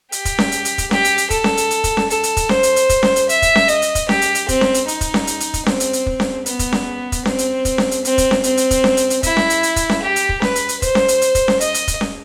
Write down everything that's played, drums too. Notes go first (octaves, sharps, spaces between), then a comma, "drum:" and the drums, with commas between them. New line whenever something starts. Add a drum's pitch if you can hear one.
G4, drum: hi-hat
drum: kick, hi-hat
drum: snare C#4
drum: hi-hat
drum: hi-hat
drum: kick, hi-hat
G4, drum: snare C#4
drum: hi-hat
drum: hi-hat
A4, drum: kick, hi-hat
drum: snare C#4
drum: hi-hat
drum: hi-hat
drum: kick, hi-hat
drum: snare C#4
A4, drum: hi-hat
drum: hi-hat
drum: kick, hi-hat
C5, drum: snare C#4
drum: hi-hat
drum: hi-hat
drum: kick, hi-hat
drum: snare C#4
drum: hi-hat
E5, drum: hi-hat
drum: kick, hi-hat
drum: snare C#4
D#5, drum: hi-hat
drum: hi-hat
drum: kick, hi-hat
G4, drum: snare C#4
drum: hi-hat
drum: hi-hat
C4, drum: kick, hi-hat
drum: snare C#4
drum: hi-hat
D#4, drum: hi-hat
drum: kick, hi-hat
drum: snare C#4
drum: hi-hat
drum: hi-hat
drum: kick, hi-hat
C4, drum: snare C#4
drum: hi-hat
drum: hi-hat
drum: kick
drum: snare C#4
B3, drum: hi-hat
drum: kick, hi-hat
drum: snare C#4
drum: kick, hi-hat
C4, drum: snare C#4
drum: hi-hat
drum: kick, hi-hat
drum: snare C#4
drum: hi-hat
C4, drum: hi-hat
drum: kick, hi-hat
drum: snare C#4
C4, drum: hi-hat
drum: hi-hat
drum: kick, hi-hat
drum: snare C#4
drum: hi-hat
drum: hi-hat
E4, drum: kick, hi-hat
drum: snare C#4
drum: hi-hat
drum: hi-hat
drum: kick, hi-hat
drum: snare C#4
G4
drum: hi-hat
drum: kick
B4, drum: snare C#4
drum: hi-hat
drum: hi-hat
C5, drum: kick, hi-hat
drum: snare C#4
drum: hi-hat
drum: hi-hat
drum: kick, hi-hat
drum: snare C#4
D#5, drum: hi-hat
drum: hi-hat
drum: kick, hi-hat
drum: snare C#4